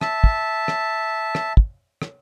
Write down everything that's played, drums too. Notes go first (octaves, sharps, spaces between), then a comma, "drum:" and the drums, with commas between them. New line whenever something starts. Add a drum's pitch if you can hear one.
E5 A5, drum: rim click
drum: kick
drum: rim click
drum: rim click
drum: kick
drum: rim click